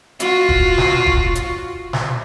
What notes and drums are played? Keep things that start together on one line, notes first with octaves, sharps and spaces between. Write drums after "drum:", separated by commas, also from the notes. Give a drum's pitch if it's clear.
F4 F#4, drum: hi-hat
drum: kick
drum: snare
drum: kick
drum: hi-hat
drum: snare